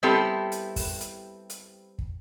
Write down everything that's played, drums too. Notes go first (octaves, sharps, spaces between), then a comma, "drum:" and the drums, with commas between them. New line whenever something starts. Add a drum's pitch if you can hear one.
G3 B3 C4 E4 G4 A4
drum: hi-hat
drum: kick, open hi-hat
drum: hi-hat
drum: hi-hat
drum: kick